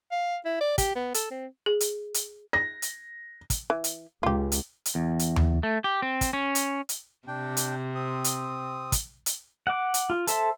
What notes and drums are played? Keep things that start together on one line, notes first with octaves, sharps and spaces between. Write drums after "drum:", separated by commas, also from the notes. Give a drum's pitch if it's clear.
F5
E4
D5
G4, drum: kick, hi-hat
B3
A4, drum: hi-hat
C4
G#4
drum: hi-hat
drum: hi-hat
A#6
drum: hi-hat
drum: kick, hi-hat
E3
drum: hi-hat
C#2 F4 G4
drum: hi-hat
drum: hi-hat
E2
drum: hi-hat
drum: tom D#2
A3
G4
C4
drum: kick, hi-hat
C#4
drum: hi-hat
drum: hi-hat
C3 D4 G5
drum: hi-hat
C4 D#6
drum: hi-hat
drum: kick, hi-hat
drum: hi-hat
F#5 D6
drum: hi-hat
F4
A4 C5 E5, drum: hi-hat